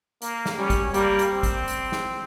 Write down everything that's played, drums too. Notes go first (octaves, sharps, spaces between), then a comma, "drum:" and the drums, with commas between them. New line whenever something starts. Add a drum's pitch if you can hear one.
A#3, drum: hi-hat
drum: snare
G3 C#4
drum: kick, hi-hat
G3 A#3, drum: hi-hat
drum: hi-hat
C4
drum: kick, hi-hat
drum: hi-hat
drum: snare